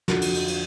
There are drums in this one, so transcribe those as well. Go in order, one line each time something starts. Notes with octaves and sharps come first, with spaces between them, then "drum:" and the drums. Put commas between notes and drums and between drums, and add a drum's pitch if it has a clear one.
F2 D3 F3 F#4, drum: snare
drum: cymbal
drum: cymbal
drum: cymbal